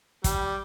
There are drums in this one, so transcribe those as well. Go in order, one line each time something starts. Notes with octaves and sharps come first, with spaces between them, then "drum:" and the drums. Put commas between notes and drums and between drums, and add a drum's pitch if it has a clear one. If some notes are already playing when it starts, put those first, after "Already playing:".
G3, drum: kick, hi-hat